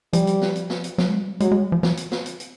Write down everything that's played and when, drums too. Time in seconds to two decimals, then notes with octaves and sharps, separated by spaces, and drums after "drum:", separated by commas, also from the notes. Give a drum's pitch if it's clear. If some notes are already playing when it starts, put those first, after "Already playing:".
0.13 F3 G3, drum: hi-hat
0.27 drum: hi-hat
0.41 drum: snare
0.56 drum: hi-hat
0.70 drum: snare
0.84 drum: hi-hat
0.98 F#3, drum: snare
1.09 G#3
1.20 G3
1.30 F#3
1.40 F#3 G#3, drum: hi-hat
1.52 G#3
1.62 G3
1.72 F3
1.83 F3, drum: snare
1.97 drum: hi-hat
2.12 drum: snare
2.26 drum: hi-hat
2.40 drum: hi-hat